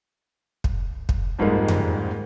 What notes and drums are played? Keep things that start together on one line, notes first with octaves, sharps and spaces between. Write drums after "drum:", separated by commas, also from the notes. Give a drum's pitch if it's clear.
drum: kick
drum: kick
F2 G#2 G3 G#3 A#3
drum: tom F2